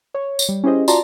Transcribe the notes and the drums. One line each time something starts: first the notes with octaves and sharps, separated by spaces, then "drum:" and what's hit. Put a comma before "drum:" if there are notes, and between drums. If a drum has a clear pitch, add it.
C#5
drum: tambourine
G3
C#4 E4 G4 G#4 C5 D#5
F4 F#4 D5 A5 A#5 C6, drum: tambourine